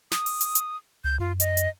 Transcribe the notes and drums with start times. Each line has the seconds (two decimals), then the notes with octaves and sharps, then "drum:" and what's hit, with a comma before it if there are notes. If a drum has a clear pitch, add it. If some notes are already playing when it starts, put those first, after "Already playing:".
0.11 D#6, drum: snare
0.26 drum: open hi-hat
0.41 drum: hi-hat
0.55 drum: hi-hat
1.04 C#2 G6
1.20 F#2 F4
1.40 D#5, drum: hi-hat
1.57 drum: hi-hat